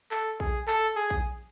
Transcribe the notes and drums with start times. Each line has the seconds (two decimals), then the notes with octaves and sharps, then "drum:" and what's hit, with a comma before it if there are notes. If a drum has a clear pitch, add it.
0.11 A4, drum: clap
0.40 G#4, drum: kick A#1
0.68 A4, drum: clap
0.96 G#4
1.10 drum: kick A#1